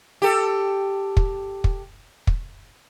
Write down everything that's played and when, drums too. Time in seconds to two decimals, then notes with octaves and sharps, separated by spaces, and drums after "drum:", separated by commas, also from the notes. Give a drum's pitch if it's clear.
0.22 G4 A4
1.17 drum: kick
1.64 drum: kick
2.27 drum: kick